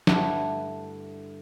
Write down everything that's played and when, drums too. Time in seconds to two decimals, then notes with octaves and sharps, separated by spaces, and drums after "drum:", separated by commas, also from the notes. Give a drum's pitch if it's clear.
0.07 G2 D3 A3 E4, drum: snare